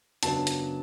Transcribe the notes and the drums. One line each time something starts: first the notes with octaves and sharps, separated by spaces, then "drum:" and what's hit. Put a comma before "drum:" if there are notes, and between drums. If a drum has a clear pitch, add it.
F#2 C#3 F#3 B3 D4 A5, drum: hi-hat
drum: hi-hat